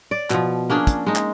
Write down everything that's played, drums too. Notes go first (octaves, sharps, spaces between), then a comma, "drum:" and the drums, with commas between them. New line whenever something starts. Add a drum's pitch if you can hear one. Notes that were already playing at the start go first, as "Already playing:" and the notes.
D5
B2 F3, drum: clap
A#3 C#4 D4 G#4
drum: kick, hi-hat
G#3 D#4
drum: clap